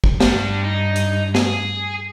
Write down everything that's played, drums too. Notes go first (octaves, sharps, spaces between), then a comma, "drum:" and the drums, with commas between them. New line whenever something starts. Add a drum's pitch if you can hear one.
drum: kick
G2 G3 D4, drum: snare
D#4
drum: hi-hat
G#4, drum: snare